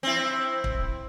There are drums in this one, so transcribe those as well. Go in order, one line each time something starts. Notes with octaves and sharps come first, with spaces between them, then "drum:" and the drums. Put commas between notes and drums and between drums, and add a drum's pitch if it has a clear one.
C4 E4
drum: kick